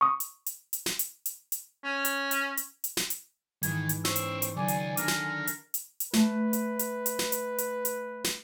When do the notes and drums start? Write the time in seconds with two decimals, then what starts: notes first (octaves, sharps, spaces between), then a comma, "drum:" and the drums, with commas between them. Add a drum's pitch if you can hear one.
0.01 C#6 D#6
0.20 drum: hi-hat
0.46 drum: hi-hat
0.73 drum: hi-hat
0.86 drum: snare
0.99 drum: hi-hat
1.26 drum: hi-hat
1.52 drum: hi-hat
1.84 C#4
2.05 drum: hi-hat
2.31 drum: hi-hat
2.57 drum: hi-hat
2.84 drum: hi-hat
2.97 drum: snare
3.10 drum: hi-hat
3.63 G#2 D#3 E3 G#6, drum: hi-hat
3.89 drum: hi-hat
4.05 C#4 C5 C#6 E6, drum: snare
4.16 drum: hi-hat
4.42 drum: hi-hat
4.56 C#2 D#3 F#3 D5 G#5
4.68 drum: hi-hat
4.97 D4 A4 A#4, drum: hi-hat
5.08 drum: snare
5.47 drum: hi-hat
5.74 drum: hi-hat
6.00 drum: hi-hat
6.13 A3 B4 A5, drum: snare
6.53 drum: hi-hat
6.79 drum: hi-hat
7.06 drum: hi-hat
7.19 drum: snare
7.32 drum: hi-hat
7.58 drum: hi-hat
7.85 drum: hi-hat
8.24 drum: snare